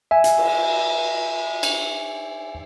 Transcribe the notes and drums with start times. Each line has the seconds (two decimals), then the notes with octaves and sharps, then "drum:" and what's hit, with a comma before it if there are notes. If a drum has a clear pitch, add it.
0.11 E5 G#5
0.24 drum: hi-hat
0.38 drum: cymbal
1.63 drum: cymbal